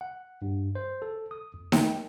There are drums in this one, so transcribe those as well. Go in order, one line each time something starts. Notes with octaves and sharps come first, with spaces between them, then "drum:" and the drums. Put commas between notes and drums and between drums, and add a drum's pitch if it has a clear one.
F#5
G2
C5
A4
D#6
F2
G5, drum: snare D#4